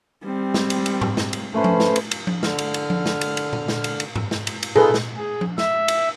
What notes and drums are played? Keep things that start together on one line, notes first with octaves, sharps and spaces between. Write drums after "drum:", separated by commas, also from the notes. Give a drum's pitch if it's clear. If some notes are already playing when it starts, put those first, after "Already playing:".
G3 C4
drum: snare
drum: cymbal
drum: cymbal
drum: tom G#2
drum: snare
drum: cymbal
A3 C#4 B4 C5
drum: tom F3
drum: snare
drum: cymbal
drum: cymbal
drum: tom F3
D3 F6, drum: snare
drum: cymbal
drum: cymbal
drum: tom F3
drum: snare
drum: cymbal
drum: cymbal
drum: tom A#2
drum: snare
drum: cymbal
drum: cymbal
drum: tom G#2
drum: snare
drum: cymbal
drum: cymbal
D#4 F4 G#4 A4 B4 C6, drum: tom A#2
drum: snare
G#4
drum: tom F3
E5, drum: snare
drum: cymbal